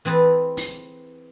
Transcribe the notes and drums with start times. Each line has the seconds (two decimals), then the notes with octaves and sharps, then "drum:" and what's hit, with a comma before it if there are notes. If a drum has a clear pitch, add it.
0.05 E3 C4 G#4 A4 B4
0.57 drum: open hi-hat